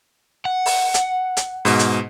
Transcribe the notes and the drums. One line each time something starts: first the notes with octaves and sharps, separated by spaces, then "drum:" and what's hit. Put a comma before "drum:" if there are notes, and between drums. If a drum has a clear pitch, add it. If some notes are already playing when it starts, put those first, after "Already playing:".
F#5
drum: open hi-hat
drum: hi-hat
drum: hi-hat
G#2 B2, drum: open hi-hat
drum: hi-hat